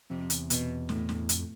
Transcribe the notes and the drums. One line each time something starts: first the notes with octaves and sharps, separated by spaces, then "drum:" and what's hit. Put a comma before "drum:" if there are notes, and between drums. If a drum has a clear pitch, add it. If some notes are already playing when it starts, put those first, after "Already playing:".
F2 C3
E2, drum: hi-hat
B2, drum: hi-hat
A2, drum: snare
drum: snare
F2, drum: hi-hat